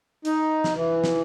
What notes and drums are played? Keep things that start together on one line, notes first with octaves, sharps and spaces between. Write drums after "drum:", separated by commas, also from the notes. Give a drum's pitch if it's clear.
D#4, drum: hi-hat
drum: snare
E3
drum: snare